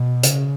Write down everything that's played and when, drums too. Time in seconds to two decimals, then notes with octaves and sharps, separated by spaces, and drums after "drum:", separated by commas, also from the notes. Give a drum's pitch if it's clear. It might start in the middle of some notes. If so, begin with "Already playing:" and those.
Already playing: B2
0.23 C#3, drum: hi-hat